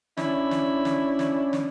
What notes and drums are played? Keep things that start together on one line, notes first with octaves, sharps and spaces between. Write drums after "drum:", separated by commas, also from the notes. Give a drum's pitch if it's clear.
C#4 D4 E4, drum: snare
drum: snare
drum: snare
drum: snare
drum: snare